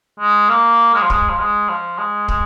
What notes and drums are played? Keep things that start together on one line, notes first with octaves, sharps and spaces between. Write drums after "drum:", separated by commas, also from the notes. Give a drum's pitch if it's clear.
G#3
A#3
G#3
F3
G#3, drum: kick
F3
G#3
F3
G#3
G#3, drum: kick